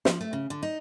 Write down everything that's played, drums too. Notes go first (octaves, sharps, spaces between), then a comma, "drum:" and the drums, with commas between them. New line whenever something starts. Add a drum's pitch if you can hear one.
F3, drum: snare
A3
C#3
D3
D#4